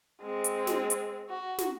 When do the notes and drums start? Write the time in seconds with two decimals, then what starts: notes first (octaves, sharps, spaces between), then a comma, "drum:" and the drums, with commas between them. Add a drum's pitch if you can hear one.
0.21 G#3 C4
0.44 drum: hi-hat
0.67 drum: snare
0.90 drum: hi-hat
1.30 F#4
1.58 drum: snare